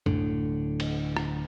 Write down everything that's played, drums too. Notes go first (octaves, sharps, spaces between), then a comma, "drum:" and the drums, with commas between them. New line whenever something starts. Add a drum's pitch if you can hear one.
D1 A2 D3, drum: tom
drum: cymbal
drum: rim click